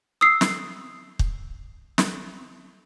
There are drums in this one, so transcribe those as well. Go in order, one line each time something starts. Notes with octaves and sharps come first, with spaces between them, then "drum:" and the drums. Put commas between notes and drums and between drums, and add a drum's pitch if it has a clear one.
D#6 E6 C7
drum: snare
drum: kick
drum: snare